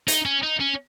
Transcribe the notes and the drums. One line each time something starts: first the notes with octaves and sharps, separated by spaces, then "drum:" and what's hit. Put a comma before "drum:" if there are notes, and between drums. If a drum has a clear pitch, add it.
D#4, drum: hi-hat
C#4
D#4
C#4